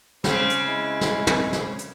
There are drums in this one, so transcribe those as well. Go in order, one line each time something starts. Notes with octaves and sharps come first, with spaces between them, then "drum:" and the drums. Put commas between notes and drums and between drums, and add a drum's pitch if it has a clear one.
C#3 C4 C5 B5 D6, drum: snare
drum: hi-hat
G#3 E4
drum: snare
drum: tom
drum: snare
drum: hi-hat